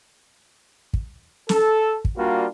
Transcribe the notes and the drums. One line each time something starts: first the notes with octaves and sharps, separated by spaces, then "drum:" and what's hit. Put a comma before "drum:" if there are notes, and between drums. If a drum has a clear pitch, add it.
drum: kick
A4, drum: snare
drum: kick
G3 A#3 D4 F4 F#4